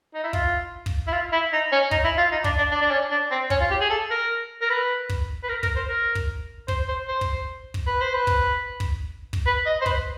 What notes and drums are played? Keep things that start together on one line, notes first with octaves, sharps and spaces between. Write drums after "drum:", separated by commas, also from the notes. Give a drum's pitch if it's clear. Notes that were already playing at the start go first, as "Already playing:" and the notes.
D#4
E4
F4, drum: kick
drum: kick
E4
F4
E4
D#4
C#4
D#4, drum: kick
E4
F4
D#4
D4, drum: kick
D4
D4
D4
C#4
D4
C4
C#4, drum: kick
F4
G4
G#4
A4
A#4
A#4
B4
drum: kick
B4
A#4
A#4, drum: kick
C5
A#4
drum: kick
C5, drum: kick
C5
C5
drum: kick
drum: kick
B4
C5
B4
drum: kick
drum: kick
drum: kick
B4
D#5
C5
B4, drum: kick